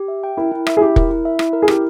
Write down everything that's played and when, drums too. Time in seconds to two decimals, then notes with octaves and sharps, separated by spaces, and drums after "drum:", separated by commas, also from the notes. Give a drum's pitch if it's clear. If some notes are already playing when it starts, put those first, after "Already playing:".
Already playing: G4
0.08 E5
0.23 G5
0.37 E4 A#4
0.52 E4
0.67 E5, drum: rim click
0.77 G#4
0.80 E4 G4
0.96 A#4, drum: kick
1.11 E4
1.25 E5
1.39 E4, drum: rim click
1.53 A#4
1.62 G#4
1.68 E4 G4, drum: rim click